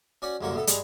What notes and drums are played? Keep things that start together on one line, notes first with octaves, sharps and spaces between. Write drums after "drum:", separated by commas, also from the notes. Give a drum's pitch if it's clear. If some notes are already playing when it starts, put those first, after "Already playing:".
C#4 F#4 D5 F#5
C2 F#2 D3 A#3 F#4 C#6
A2 B3 A4
G2 G3 G#3, drum: hi-hat